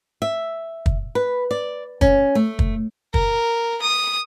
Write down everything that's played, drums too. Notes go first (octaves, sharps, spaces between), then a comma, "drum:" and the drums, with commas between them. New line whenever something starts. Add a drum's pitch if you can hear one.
E5
drum: kick
B4
D5
C#4, drum: kick
A3
drum: kick
A#4, drum: kick
D#6